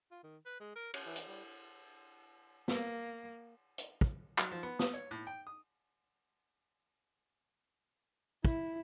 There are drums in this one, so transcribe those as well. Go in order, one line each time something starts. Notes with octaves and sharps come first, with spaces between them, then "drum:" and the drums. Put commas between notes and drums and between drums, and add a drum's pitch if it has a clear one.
F4
D#3
B4
G#3
A#4
C#4, drum: cymbal
E3
drum: hi-hat
G3
A#3, drum: snare
drum: hi-hat
drum: kick
F#3, drum: clap
F3
B3
D#6, drum: snare
C#5
A2
G5
D#6
E4, drum: kick